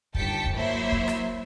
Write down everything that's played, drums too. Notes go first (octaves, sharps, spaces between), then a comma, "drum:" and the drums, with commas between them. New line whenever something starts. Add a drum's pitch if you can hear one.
G1 D#2 G5 A5 B6 C#7, drum: kick
drum: kick
F#3 A#3 E4 C5 E5
drum: kick
drum: rim click